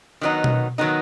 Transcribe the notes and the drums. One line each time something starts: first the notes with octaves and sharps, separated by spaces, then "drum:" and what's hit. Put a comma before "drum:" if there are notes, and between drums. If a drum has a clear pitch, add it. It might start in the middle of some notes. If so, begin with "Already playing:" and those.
D#3 F#3 B3 D#4
drum: tom B2
D#3 F#3 B3 D#4